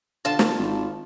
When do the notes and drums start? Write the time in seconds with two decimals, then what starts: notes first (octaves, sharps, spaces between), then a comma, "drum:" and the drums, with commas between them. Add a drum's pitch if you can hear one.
0.25 D3 F4 A5
0.39 drum: snare
0.59 G#1